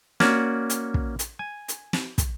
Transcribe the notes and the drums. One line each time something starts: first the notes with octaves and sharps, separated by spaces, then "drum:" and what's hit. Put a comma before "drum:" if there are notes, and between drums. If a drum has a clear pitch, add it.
A#3 C#4 F#4 D5, drum: snare
drum: hi-hat
drum: kick
drum: hi-hat
G#5
drum: hi-hat
drum: snare
drum: kick, hi-hat